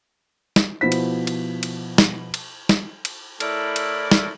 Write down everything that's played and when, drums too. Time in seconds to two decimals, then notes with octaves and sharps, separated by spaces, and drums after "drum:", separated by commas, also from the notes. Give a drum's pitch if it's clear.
0.56 drum: snare
0.81 B2 F3 B3 E4 C5 B6
0.92 drum: cymbal
1.27 drum: cymbal
1.63 drum: cymbal
1.98 drum: snare
2.34 drum: cymbal
2.69 drum: snare
3.05 drum: cymbal
3.40 A2 A3 E4 A#4 D5, drum: cymbal
3.76 drum: cymbal
4.11 drum: snare